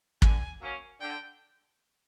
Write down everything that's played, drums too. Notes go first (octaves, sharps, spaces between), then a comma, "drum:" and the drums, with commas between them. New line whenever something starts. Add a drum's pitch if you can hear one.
D3 G#5, drum: kick
F#3 A#3 C#4
D3 G5